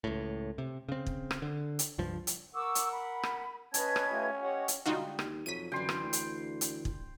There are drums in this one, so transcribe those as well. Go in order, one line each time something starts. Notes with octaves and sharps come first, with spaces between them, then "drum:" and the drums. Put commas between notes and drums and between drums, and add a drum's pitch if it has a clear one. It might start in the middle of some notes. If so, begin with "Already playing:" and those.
C#2 A2
C3
C#3 C4
drum: kick
drum: rim click
D3
drum: hi-hat
C#2 G2 F3
drum: hi-hat
A#4 F#5 C#6 D6 E6
drum: hi-hat
B5
drum: rim click
C#4 B4 D#5 A5 G#6, drum: hi-hat
drum: rim click
A3 F4 G4
G4 C#5 D#5 F#5
drum: hi-hat
D3 G3 G#3 D#4 F4 F#4
D#2, drum: rim click
F2 G#2 F#3 B6 D#7
F#2 D3 E3 G5 C6
drum: rim click
D2
drum: hi-hat
drum: hi-hat
drum: kick